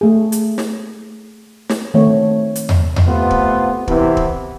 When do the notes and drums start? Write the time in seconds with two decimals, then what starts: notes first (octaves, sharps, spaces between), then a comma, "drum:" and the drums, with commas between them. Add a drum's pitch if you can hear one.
0.01 A3 G#4
0.32 drum: hi-hat
0.58 drum: snare
1.69 drum: snare
1.94 D#3 A3 C4 C#5
2.56 drum: hi-hat
2.69 drum: tom E2
2.96 drum: tom E2
3.06 C3 A3 B3 F4
3.30 drum: kick
3.88 C3 E3 B3 E4, drum: kick
4.17 drum: kick